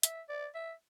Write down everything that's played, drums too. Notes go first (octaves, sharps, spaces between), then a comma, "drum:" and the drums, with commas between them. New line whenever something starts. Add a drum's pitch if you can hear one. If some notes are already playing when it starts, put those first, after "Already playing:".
E5, drum: hi-hat
D5
E5